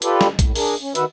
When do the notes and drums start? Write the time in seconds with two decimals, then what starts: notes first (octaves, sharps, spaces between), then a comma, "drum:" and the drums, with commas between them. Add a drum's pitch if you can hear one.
0.02 F4 G4 A4 B4 D5, drum: hi-hat
0.21 drum: snare
0.39 A2, drum: kick A#1, hi-hat
0.55 D4 G#4 A#4, drum: open hi-hat
0.81 C#4
0.95 D#3 F#4 B4 E5, drum: hi-hat